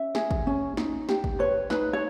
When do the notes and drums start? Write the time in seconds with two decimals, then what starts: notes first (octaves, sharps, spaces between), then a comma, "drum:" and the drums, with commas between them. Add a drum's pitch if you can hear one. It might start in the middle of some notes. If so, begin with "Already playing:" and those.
Already playing: C#4 E5
0.15 G#4, drum: snare
0.31 drum: kick
0.47 C#4
0.77 D#4, drum: snare
1.09 G4, drum: snare
1.24 drum: kick
1.39 B4 C#5
1.70 D#4 B4, drum: snare
1.93 C#5